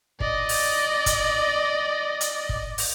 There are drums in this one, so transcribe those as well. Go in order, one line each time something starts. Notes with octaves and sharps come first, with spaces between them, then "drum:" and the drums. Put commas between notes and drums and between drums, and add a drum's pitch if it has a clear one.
D5 D#5, drum: kick
drum: open hi-hat
drum: kick, hi-hat
drum: hi-hat
drum: kick
drum: open hi-hat